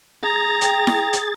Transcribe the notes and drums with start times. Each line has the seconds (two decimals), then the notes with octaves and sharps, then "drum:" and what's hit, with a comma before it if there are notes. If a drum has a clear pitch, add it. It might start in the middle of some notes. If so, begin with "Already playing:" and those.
0.23 G#4 A#5 A6
0.61 G5, drum: hi-hat
0.87 drum: snare E4
1.13 drum: hi-hat